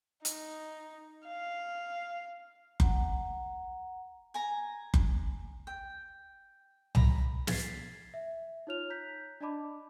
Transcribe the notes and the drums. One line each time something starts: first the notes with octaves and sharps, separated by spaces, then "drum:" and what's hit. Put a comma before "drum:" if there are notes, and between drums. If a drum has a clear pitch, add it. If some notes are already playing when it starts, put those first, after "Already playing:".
D#4, drum: hi-hat
F5
F#5 A#5, drum: kick F#1
G#5 A#5
drum: kick F#1
G5
A#5 B5, drum: tom C2
G#6 A6 B6 C7, drum: snare
E5
D#4 F4 C#5 F6 F7
A#5 F#6 G6 B6
D4 D5 D#5 A5 B5 D6